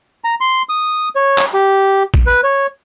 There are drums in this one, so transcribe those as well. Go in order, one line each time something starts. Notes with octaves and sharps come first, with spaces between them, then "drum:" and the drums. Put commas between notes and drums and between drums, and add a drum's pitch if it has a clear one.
A#5
C6
D#6
C#5
drum: clap
G4
drum: kick
B4
C#5